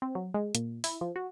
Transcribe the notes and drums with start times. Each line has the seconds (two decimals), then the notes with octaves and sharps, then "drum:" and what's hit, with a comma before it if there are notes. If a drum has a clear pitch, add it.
0.02 C4
0.15 F#3
0.34 G#3
0.55 A#2, drum: hi-hat
0.84 E4, drum: open hi-hat
1.01 F3
1.16 F#4